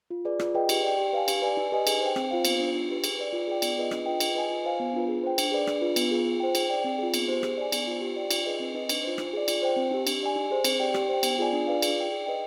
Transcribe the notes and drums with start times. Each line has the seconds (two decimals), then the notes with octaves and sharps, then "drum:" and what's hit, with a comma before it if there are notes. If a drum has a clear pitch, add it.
0.10 F4
0.25 G#4 B4 D5
0.39 F4, drum: rim click
0.55 G#4 B4 D#5 G5
0.69 G4, drum: cymbal
0.83 D5 G5
0.98 G4
1.13 B4 F5 G#5
1.28 G4, drum: cymbal
1.42 B4 D5 G#5
1.57 D#4
1.72 G4 B4 D#5 G#5
1.87 G#4, drum: cymbal
2.01 C5 G5
2.16 C4, drum: rim click
2.31 F4 C5 F5
2.45 B3, drum: cymbal
2.60 D4 F4
2.74 D#4
2.89 G4 B4
3.04 G#4, drum: cymbal
3.18 B4 D5
3.33 F4
3.47 G#4 D5 G5
3.62 B3, drum: cymbal
3.77 F4 G#4 B4 D#5
3.91 D4, drum: rim click
4.06 F4 B4 D#5 G5
4.20 G#4, drum: cymbal
4.35 B4 D#5 G#5
4.50 F4
4.65 C5 F5 G#5
4.80 B3
4.94 D4 F4 B4
5.09 G#4
5.24 C5 G5
5.38 D4, drum: cymbal
5.52 G#4 B4 D5
5.67 D4, drum: rim click
5.81 F4 B4
5.96 B3, drum: cymbal
6.11 F4 G#4
6.26 F4
6.40 C5 G5
6.55 G#4, drum: cymbal
6.70 D5 G5
6.84 C4
6.99 F4 G#4
7.14 B3, drum: cymbal
7.28 D#4 G4 C5
7.43 G#4, drum: rim click
7.58 D5 G#5
7.72 B3, drum: cymbal
7.87 F4 C5
8.01 G4
8.16 D5 G5
8.31 F4, drum: cymbal
8.45 G#4 B4 D#5
8.60 C4
8.74 D#4 B4 D#5
8.89 D4, drum: cymbal
9.04 F4 C5
9.18 D#4, drum: rim click
9.33 G#4 D5
9.48 F4, drum: cymbal
9.62 C5 G5
9.77 C4
9.91 D#4 G4
10.07 D4, drum: cymbal
10.21 G4 D5 G#5
10.36 D#4
10.51 G#4 C5
10.64 C4, drum: cymbal
10.80 G4 D5 G5
10.94 G4, drum: rim click
11.09 C5 G5
11.23 B3, drum: cymbal
11.39 F4 G#4 D5 G#5
11.53 D4
11.67 F4 B4 D5 F5
11.82 G#4, drum: cymbal
11.97 D5 G5
12.12 G#4
12.26 B4 D#5 G5